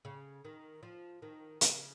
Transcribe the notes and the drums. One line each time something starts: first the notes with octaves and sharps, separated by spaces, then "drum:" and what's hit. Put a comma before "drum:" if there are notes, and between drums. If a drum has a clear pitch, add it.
C#3
D#3
F3
D#3
C#3, drum: hi-hat